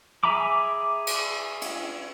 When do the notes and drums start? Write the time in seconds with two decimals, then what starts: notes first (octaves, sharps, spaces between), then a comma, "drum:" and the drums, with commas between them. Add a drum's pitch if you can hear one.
0.23 G#4 E5 A#5 B5 D6
1.07 drum: cymbal
1.62 drum: cymbal